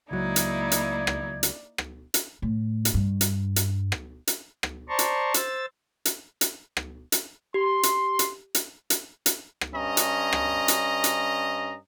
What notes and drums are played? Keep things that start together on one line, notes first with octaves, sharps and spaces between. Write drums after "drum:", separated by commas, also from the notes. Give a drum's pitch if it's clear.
C#2 F#3 A#3 D#4 E4 D5 G#6
drum: hi-hat
drum: hi-hat
drum: rim click
drum: hi-hat
drum: rim click
drum: hi-hat
A2
drum: hi-hat
G2
drum: hi-hat
drum: hi-hat
drum: rim click
drum: hi-hat
drum: rim click
C5 D5 A5 A#5 C6 C#6
drum: hi-hat
C5 E6 A6, drum: hi-hat
drum: hi-hat
drum: hi-hat
drum: rim click
drum: hi-hat
G4 C6
drum: hi-hat
drum: hi-hat
drum: hi-hat
drum: hi-hat
drum: hi-hat
drum: rim click
G2 C#4 D#5 A#5
drum: hi-hat
drum: rim click
drum: hi-hat
drum: hi-hat